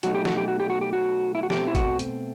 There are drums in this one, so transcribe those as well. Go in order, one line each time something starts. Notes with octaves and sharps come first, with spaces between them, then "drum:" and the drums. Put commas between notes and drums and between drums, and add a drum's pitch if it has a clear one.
B2 F#3 A3 D#4 F#4, drum: hi-hat
G4
F#4, drum: snare
G4
F#4
G4
F#4
G4
F#4
E4
F#4
B2 A3 C4 G4, drum: snare
E4
F#4, drum: kick, hi-hat
drum: hi-hat